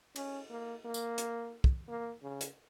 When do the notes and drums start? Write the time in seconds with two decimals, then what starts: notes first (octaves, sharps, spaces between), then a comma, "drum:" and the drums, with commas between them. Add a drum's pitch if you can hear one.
0.16 C#4, drum: cymbal
0.50 A#3
0.85 A#3
0.94 drum: tambourine
1.18 drum: hi-hat
1.64 drum: kick
1.88 A#3
2.22 C#3
2.41 drum: hi-hat